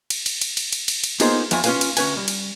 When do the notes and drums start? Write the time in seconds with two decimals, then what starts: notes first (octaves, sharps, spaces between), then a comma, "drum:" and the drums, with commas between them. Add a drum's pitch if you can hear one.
0.10 drum: cymbal
0.26 drum: cymbal
0.41 drum: cymbal
0.57 drum: cymbal
0.73 drum: cymbal
0.88 drum: cymbal
1.04 drum: cymbal
1.20 A#3 B3 D#4 F4 G#4 C5, drum: cymbal
1.51 E2 F3 F#4 G#5, drum: cymbal
1.64 C#4 F4 G4 B4 F5 G#5, drum: cymbal
1.81 drum: cymbal
1.97 D2 C#4 B4 G#5, drum: cymbal
2.16 G3
2.28 drum: cymbal